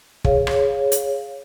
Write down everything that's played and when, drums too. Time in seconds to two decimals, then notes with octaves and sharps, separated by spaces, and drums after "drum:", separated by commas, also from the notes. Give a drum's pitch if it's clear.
0.24 G#4 C#5 F5, drum: kick
0.47 drum: rim click
0.92 drum: hi-hat